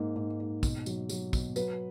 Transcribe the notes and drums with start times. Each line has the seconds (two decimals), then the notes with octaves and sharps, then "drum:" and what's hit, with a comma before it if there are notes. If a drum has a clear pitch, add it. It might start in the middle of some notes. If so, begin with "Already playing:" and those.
Already playing: G#2 A#3
0.16 G#2
0.40 G#2
0.63 B2, drum: kick, tambourine
0.86 F#3, drum: tambourine
1.09 F#3, drum: tambourine
1.33 B2, drum: kick, tambourine
1.56 F#3 B4, drum: tambourine